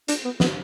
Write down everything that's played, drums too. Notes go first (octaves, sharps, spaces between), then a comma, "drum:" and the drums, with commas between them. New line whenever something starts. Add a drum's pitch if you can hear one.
D4, drum: hi-hat
B3
B3, drum: snare